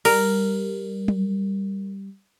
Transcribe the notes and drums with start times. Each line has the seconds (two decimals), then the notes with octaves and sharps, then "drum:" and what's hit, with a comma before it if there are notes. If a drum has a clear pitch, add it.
0.05 G3 A#4, drum: cymbal
1.08 drum: tom F#3